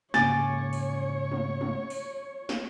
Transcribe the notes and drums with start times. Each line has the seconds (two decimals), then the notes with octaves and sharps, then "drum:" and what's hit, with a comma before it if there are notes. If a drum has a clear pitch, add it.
0.14 G#2 C#3 A#3 C#5 G#5 D6 A6, drum: snare
0.73 drum: open hi-hat
1.32 drum: tom G#3
1.61 drum: tom G#3
1.90 drum: open hi-hat
2.49 drum: snare